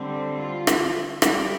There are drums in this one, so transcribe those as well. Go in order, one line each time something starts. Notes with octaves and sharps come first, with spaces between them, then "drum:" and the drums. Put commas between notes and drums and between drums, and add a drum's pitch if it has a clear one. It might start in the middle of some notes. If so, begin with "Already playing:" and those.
Already playing: D3 G3 C4
F4
drum: rim click
G3 G4, drum: rim click